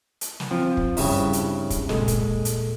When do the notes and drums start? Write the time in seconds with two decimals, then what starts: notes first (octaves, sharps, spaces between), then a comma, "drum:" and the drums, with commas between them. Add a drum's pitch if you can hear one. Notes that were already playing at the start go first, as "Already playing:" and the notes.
0.21 drum: hi-hat
0.40 drum: snare
0.51 F3 C4
0.77 drum: kick
0.97 G2 C#3 E4, drum: open hi-hat
1.33 drum: hi-hat
1.70 drum: kick, hi-hat
1.89 A#2 G#3 A4, drum: snare
2.08 drum: kick, hi-hat
2.45 drum: hi-hat